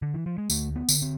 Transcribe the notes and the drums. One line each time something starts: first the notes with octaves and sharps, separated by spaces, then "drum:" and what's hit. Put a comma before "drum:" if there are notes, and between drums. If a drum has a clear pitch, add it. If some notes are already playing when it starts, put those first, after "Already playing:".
D3
E3
F3
G#3
D2 A3, drum: tambourine
B3
D3, drum: tambourine
C4